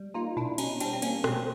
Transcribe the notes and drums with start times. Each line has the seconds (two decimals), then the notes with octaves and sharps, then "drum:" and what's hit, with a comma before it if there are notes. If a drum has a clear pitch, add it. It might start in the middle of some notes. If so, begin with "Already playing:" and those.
Already playing: G3
0.14 A#3 D#4 F4
0.37 B2 D4 E4
0.58 B2 C#4 D#4, drum: cymbal
0.80 G3 C4 D4, drum: cymbal
0.93 C4
1.02 A#3 C#4, drum: cymbal
1.24 B2 C4, drum: rim click